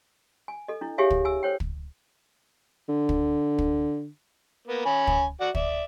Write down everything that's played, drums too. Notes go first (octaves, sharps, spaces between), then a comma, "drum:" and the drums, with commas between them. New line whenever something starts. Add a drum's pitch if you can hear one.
G#5
A4 D#5
D4 E4
G4 G#4 C#5 E5 F5 G#5
drum: kick
G#5 E6
A4 C5 C#5 G5
drum: kick
D3
drum: kick
drum: kick
A#3 B3
C#4 G#5 B5
drum: kick
F#4 D5 F#5
D5 E5, drum: kick